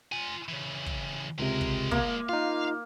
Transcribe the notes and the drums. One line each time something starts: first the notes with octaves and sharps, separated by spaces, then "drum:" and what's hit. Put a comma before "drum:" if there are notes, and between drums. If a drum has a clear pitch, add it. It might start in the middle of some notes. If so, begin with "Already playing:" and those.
F4 G#5
C#3 E3
drum: kick
C#2 C3 G#3 A#4
drum: kick
A#3, drum: kick
D#4 F4 F5